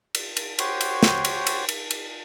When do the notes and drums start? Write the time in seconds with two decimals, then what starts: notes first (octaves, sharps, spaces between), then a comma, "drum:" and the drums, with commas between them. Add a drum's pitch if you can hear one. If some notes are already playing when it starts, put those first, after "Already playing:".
0.15 drum: cymbal
0.37 drum: cymbal
0.59 F#4 G4 C5 C#5, drum: cymbal
0.81 drum: cymbal
1.03 drum: snare
1.25 drum: cymbal
1.47 drum: cymbal
1.69 drum: cymbal
1.91 drum: cymbal